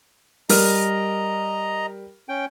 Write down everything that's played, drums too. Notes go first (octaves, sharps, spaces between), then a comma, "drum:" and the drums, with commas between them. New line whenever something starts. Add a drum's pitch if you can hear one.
G3 A#4 D#5 A#5 F6, drum: open hi-hat
C#4 G5